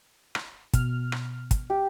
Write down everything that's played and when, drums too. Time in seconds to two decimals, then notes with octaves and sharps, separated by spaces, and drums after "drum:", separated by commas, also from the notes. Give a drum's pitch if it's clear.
0.35 drum: rim click
0.73 B2 F6, drum: kick, hi-hat
1.12 drum: rim click
1.51 drum: kick, hi-hat
1.70 G4